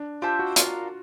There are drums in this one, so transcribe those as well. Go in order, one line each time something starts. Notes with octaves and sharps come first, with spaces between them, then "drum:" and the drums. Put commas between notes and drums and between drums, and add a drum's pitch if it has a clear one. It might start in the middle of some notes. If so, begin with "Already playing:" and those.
Already playing: D4
F4 G4 C5 E5 A5
F#4
D4 F4 A#4, drum: hi-hat